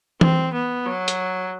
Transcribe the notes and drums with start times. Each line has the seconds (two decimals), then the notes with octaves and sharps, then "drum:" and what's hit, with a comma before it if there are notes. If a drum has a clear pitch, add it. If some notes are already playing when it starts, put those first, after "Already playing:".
0.21 C4, drum: tom E3
0.53 B3
0.87 F#3
1.08 drum: hi-hat